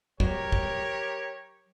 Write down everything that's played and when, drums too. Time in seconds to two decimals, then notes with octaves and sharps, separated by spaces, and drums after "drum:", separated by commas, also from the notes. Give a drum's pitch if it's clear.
0.20 F#3 G4 A#4 C#5, drum: kick
0.52 drum: kick